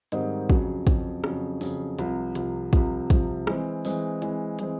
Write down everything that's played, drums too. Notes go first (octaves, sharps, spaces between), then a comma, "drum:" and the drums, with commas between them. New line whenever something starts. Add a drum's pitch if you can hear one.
G#2 D#3 G3 C4 D#4, drum: hi-hat
F2 C#3 F#3, drum: kick
F2 C#3 F#3, drum: kick, hi-hat
F2 C#3 F#3, drum: rim click
F2 C#3 F#3, drum: open hi-hat
C2 C3 F3, drum: hi-hat
C2 C3 F3, drum: hi-hat
C2 C3 F3, drum: kick, hi-hat
C2 C3 F3, drum: kick, hi-hat
E3 G#3 C4, drum: rim click
E3 G#3 C4, drum: open hi-hat
E3 G#3 C4, drum: hi-hat
E3 G#3 C4, drum: hi-hat